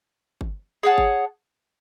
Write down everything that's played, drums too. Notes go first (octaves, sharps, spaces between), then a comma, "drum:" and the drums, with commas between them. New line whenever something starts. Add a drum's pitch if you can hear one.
drum: kick G1
G#4 C#5 F#5 A5
drum: kick G1